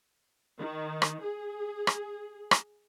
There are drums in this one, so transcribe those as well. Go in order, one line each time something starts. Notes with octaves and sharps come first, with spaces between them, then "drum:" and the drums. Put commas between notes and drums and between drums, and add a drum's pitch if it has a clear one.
D#3
drum: rim click
G#4
drum: rim click
drum: rim click